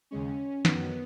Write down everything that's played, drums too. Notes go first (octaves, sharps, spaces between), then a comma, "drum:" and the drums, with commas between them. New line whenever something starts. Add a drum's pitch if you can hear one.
D#2 C#3 G#3 C#4
F#2 D#3 F#3 B3, drum: snare